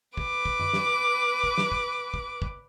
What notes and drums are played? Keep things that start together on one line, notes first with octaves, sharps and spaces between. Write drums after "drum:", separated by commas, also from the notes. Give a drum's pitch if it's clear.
B4 D6, drum: kick
drum: kick
drum: tom F#2
drum: snare
drum: kick
drum: snare
drum: kick
drum: kick
drum: kick